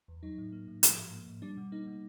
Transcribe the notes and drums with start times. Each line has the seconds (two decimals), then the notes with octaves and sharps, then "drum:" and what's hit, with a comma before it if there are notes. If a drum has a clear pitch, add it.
0.08 E2
0.23 F#3 D#4
0.38 A2
0.52 A#3
0.68 A2
0.83 F3, drum: hi-hat
0.98 G#2
1.12 A#3
1.27 G#2
1.42 G3 D4
1.57 B2
1.72 A#3 D#4
1.87 B2